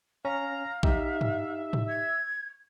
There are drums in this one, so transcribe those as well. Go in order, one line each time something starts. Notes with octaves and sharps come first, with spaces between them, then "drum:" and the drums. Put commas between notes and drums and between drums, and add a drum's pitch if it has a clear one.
C#4 F5 A#5
D#4 G4 E5, drum: kick A#1
drum: tom G2
drum: tom G#2
G#6